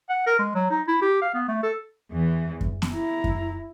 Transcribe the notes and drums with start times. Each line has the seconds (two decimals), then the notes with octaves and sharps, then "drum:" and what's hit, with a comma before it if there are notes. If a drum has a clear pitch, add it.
0.09 F#5
0.26 A#4
0.39 G#3
0.55 F#3
0.70 D#4
0.87 E4
1.01 G4
1.21 F5
1.34 B3
1.48 A3
1.63 A4
2.11 E2 E3
2.61 drum: kick F#2
2.82 drum: snare B3
2.92 E4 A#5
3.24 drum: kick F#2